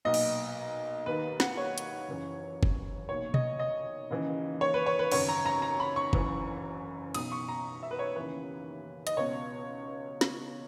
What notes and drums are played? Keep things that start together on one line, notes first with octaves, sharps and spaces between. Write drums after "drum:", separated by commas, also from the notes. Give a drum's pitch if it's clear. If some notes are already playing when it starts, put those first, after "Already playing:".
B1 A#2 D#5
drum: cymbal
D#2 D#3 B4
F#5, drum: snare
C#5
drum: hi-hat
F#1 F#2 E3
drum: kick
B1 A#2 C#5
D#5, drum: tom B2
D#5
D#2 C#3 E3
C#5
B4
C#5
B4
G#1 F#2 C#3 C#5, drum: cymbal
A#5
A#5
A#5
B5
C#6
F#1 F#2 E3, drum: kick
B1 B2 D#6, drum: cymbal
C#6
A#5
E5
B4
C#5
D#2 C#3 E3 B4
D#5, drum: hi-hat
C#2 B2 C#5
drum: snare